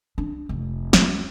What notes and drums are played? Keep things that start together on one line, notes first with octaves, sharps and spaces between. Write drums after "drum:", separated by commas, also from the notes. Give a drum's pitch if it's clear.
D4
F1
C#4, drum: snare